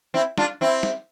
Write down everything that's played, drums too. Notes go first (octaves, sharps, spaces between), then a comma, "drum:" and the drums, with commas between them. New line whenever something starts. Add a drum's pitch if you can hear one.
C4 E4
D4 F4, drum: snare
C4 E4
drum: snare